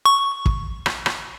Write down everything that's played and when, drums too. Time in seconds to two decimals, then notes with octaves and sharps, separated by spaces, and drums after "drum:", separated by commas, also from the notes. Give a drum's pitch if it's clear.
0.06 C#6
0.46 drum: kick
0.86 drum: rim click
1.06 drum: rim click